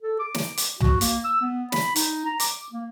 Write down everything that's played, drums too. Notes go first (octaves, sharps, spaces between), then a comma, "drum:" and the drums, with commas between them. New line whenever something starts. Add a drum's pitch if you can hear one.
A4
D6
drum: snare
drum: hi-hat
F#4, drum: tom
A#3, drum: hi-hat
E6
B3
B5, drum: snare
D#4, drum: hi-hat
A#5
D6, drum: hi-hat
A#3